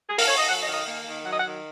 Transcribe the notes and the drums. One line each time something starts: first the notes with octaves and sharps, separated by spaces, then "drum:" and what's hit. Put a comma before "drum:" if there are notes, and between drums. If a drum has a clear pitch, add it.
G#4
A#4, drum: open hi-hat
C#5
D#5
F#3 F#5
D#5
D#3
D#5
A#3
D#3
F#3 F#5
D#5
F#5
D#3